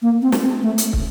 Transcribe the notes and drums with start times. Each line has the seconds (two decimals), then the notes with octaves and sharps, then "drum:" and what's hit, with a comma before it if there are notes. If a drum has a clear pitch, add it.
0.02 A#3
0.22 C4
0.32 drum: snare
0.42 C4
0.63 A3
0.78 drum: hi-hat
0.93 drum: kick